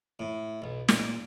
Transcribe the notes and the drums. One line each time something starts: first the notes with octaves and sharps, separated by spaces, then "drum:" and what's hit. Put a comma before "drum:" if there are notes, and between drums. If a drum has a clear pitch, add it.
A2
B1
A#2, drum: snare